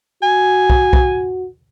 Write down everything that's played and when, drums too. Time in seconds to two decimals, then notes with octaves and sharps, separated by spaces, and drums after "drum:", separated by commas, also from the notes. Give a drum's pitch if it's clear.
0.23 F#4 G#5
0.70 drum: kick B1
0.93 drum: kick B1